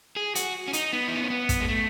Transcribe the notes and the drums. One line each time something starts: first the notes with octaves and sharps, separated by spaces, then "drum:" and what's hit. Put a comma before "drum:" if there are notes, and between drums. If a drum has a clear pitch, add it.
G#4
F#4, drum: hi-hat
C#4
D#4, drum: hi-hat
B3
E4
D#4
C#4
B3
drum: kick, hi-hat
G#3
A3